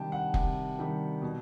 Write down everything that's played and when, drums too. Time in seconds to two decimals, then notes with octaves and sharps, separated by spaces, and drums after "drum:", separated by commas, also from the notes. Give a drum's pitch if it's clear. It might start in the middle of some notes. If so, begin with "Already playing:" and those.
Already playing: C3 D#3 G3 G5 A5
0.12 F#5
0.34 C3, drum: kick F1
0.79 D#3 G3
1.22 B2